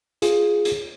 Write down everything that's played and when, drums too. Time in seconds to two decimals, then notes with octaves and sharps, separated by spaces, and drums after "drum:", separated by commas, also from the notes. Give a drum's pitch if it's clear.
0.22 F4 G#4, drum: hi-hat
0.65 drum: hi-hat